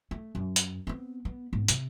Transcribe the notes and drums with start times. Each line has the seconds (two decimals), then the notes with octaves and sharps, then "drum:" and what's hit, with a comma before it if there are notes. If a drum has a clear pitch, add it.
0.11 A3
0.35 F#2
0.56 drum: hi-hat
0.87 B3 C4
1.25 B3
1.53 G#2 B3
1.68 C3, drum: hi-hat